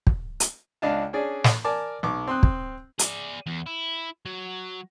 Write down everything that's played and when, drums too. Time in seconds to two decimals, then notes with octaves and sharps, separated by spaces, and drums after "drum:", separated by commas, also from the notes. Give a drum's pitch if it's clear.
0.07 drum: kick
0.40 drum: hi-hat
0.82 C#2 D4 D#5 F5 A5
1.13 C#4 D4 G#4 D5
1.44 drum: snare
1.65 A#4 D5 G#5 A5 D6
2.03 B1 C#6 D6
2.28 C4 C6 D#6 F#6
2.43 drum: kick
2.99 G#4 D5, drum: hi-hat
3.46 E2
3.66 E4
4.25 F#3